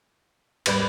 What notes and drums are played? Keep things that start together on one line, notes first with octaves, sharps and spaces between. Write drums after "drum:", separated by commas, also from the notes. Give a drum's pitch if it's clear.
D#2 G#2 G3 B4 D5 B5, drum: cymbal